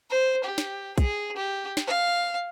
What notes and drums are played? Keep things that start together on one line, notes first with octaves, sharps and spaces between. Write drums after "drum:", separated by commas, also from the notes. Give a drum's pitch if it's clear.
C5
G4
drum: snare
G#4, drum: kick, hi-hat
G4
drum: snare
F5